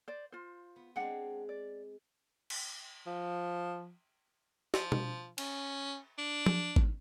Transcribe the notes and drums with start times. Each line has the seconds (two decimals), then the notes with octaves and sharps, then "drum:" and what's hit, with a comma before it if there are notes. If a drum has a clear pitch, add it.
0.08 C5 D5
0.32 F4 C5
0.76 B3
0.96 G#3 C4 D4 F#5 G5
1.49 D5
2.50 drum: cymbal
3.07 F3
4.74 F3, drum: snare
4.92 drum: tom B2
5.38 C#4, drum: cymbal
6.18 D4
6.46 drum: tom F3
6.76 drum: kick G#1